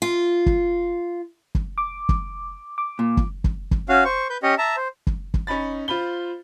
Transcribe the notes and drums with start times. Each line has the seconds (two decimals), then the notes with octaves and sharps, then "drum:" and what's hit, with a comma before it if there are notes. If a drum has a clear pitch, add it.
0.02 F4
0.46 drum: kick
1.55 drum: kick
1.78 D6
2.09 drum: kick
2.78 D6
2.99 A#2
3.17 drum: kick
3.44 drum: kick
3.71 drum: kick
3.89 C#4 F#4 F5
4.05 C5 C#6
4.30 B4 G6
4.43 C#4 G4 C#5 D#5
4.58 E5 A5 A#5
4.77 C5
5.07 drum: kick
5.34 drum: kick
5.47 C#4 D#4 B5 A6
5.88 F4 C5 B5 G7